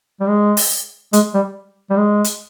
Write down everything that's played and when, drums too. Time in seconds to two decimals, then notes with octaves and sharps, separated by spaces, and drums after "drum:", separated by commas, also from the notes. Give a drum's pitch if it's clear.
0.20 G3
0.28 G#3
0.57 drum: open hi-hat
1.13 G#3, drum: hi-hat
1.34 G3
1.90 G3
1.97 G#3
2.24 drum: hi-hat